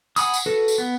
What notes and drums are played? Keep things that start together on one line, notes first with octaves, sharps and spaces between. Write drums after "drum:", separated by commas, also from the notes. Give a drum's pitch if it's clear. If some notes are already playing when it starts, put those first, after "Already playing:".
F#5 G#5 B5 D#6, drum: tambourine
drum: tambourine
F#4 A4 B4
drum: tambourine
B3